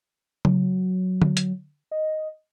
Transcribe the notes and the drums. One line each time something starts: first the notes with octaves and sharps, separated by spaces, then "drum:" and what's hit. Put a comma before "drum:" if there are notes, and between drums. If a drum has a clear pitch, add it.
F#3, drum: tom C#3
drum: tom D3
drum: hi-hat
D#5